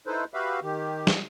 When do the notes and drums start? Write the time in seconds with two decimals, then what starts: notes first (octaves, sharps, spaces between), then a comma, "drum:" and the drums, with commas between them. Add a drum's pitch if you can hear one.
0.07 D#4 E4 A4 B4 C5
0.34 F#4 G4 B4 E5 F5 B5
0.62 D#3 G4
1.07 drum: snare